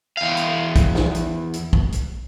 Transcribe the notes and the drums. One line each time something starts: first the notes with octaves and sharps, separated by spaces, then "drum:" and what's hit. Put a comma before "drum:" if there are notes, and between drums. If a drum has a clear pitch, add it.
E2 F5
drum: hi-hat
drum: kick, hi-hat
drum: snare
drum: hi-hat
drum: hi-hat
drum: kick
drum: hi-hat